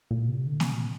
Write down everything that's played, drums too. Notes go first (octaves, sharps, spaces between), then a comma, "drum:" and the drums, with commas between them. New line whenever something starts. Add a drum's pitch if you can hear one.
A#2
C3
D3
C3, drum: snare A#3
A#2